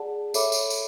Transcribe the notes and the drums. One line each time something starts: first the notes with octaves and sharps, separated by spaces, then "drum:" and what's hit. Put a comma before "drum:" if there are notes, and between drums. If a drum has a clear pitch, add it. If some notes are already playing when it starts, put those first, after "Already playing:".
Already playing: G#4 D5 F#5 A5
A4 C#5 E5 B5 D6, drum: tambourine
drum: tambourine
drum: tambourine